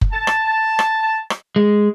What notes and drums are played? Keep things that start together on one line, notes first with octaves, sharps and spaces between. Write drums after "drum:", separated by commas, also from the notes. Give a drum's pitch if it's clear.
drum: kick F#1
A5
drum: rim click
drum: rim click
drum: rim click
G#3